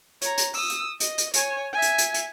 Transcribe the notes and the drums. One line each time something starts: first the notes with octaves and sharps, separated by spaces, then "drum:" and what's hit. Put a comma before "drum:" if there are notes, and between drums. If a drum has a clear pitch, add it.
C#5 A#5, drum: hi-hat
drum: hi-hat
D#6 E6, drum: open hi-hat
drum: hi-hat
D#5, drum: hi-hat
drum: hi-hat
C#5 G#5, drum: hi-hat
E5 G#5
drum: hi-hat
drum: hi-hat
drum: hi-hat